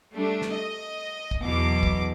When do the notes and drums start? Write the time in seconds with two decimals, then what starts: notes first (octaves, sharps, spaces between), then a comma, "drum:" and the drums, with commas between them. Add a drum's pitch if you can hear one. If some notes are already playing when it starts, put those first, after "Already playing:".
0.12 G3 A3 D4
0.42 drum: snare
0.53 D#5
1.31 drum: kick
1.41 E2 B2 F#3 D6
1.83 drum: kick